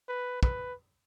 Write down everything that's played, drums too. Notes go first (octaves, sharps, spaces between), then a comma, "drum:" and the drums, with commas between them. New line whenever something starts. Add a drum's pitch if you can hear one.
B4
B4, drum: kick